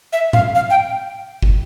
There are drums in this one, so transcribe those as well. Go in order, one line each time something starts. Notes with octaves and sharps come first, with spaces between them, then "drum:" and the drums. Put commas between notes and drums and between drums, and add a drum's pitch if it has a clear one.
E5
F5, drum: tom A2
F5
G5
drum: kick